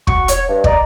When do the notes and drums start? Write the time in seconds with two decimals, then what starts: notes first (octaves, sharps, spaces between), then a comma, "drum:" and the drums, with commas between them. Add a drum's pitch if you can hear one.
0.07 F#4 C#6, drum: kick
0.28 C#5, drum: hi-hat
0.49 G2
0.64 D5 D#5 A#5, drum: kick